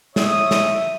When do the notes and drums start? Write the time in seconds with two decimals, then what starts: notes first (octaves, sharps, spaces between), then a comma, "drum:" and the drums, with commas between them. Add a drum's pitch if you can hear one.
0.16 C#5 E5 D#6, drum: snare
0.51 drum: snare